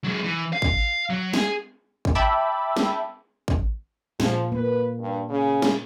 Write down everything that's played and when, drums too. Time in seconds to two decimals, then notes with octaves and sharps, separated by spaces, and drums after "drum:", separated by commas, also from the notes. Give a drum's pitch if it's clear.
0.04 F#3 G#3
0.24 E3
0.53 F5
0.62 drum: kick
1.10 F#3
1.34 G#4, drum: snare
2.05 drum: kick
2.15 E5 G5 A5 B5 D6 E6
2.76 drum: snare
3.48 drum: kick
4.20 A#2 F3, drum: snare
4.52 A#3 B4
5.00 G2
5.29 C#3
5.62 drum: snare